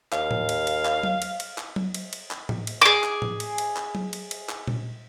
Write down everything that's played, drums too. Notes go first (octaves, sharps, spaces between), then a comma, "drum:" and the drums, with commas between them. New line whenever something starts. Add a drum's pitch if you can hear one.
D#2 F5, drum: clap
drum: tom A2
drum: cymbal
drum: cymbal
drum: clap
drum: tom F#3
drum: cymbal
drum: cymbal
drum: clap
drum: tom F#3
drum: cymbal
drum: cymbal
drum: clap
drum: tom A2
drum: cymbal
G#4 D6
drum: clap
drum: tom A2
drum: cymbal
drum: cymbal
drum: clap
drum: tom F#3
drum: cymbal
drum: cymbal
drum: clap
drum: tom A#2